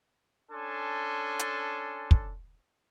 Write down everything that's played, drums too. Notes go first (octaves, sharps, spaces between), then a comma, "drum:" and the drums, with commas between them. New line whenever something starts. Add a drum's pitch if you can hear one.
C#4 D4 A4 G#5 C6
drum: hi-hat
drum: kick